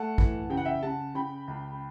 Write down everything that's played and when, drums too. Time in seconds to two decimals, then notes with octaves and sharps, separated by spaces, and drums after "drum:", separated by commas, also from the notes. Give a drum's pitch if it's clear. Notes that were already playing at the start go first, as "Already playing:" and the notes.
Already playing: A3 F#5 A5
0.18 E3, drum: kick
0.50 C#3 G5
0.57 F#5
0.65 E5 G5
0.83 C#3 F#5 A5
1.15 C#3 G5 B5
1.48 C#2